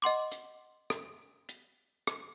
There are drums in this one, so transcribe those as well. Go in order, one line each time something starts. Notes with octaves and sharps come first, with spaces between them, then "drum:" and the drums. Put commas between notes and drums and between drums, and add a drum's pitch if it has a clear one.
D#5 F#5 C6 D6
drum: hi-hat
drum: rim click
drum: hi-hat
drum: rim click